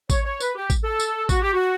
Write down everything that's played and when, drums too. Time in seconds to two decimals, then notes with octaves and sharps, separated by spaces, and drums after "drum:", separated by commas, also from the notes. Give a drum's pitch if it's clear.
0.10 C#5, drum: kick A1, tambourine
0.25 C#5
0.40 B4, drum: tambourine
0.55 G4
0.70 drum: kick A1, tambourine
0.84 A4
1.00 drum: tambourine
1.29 F#4, drum: kick A1, tambourine
1.42 G4
1.53 F#4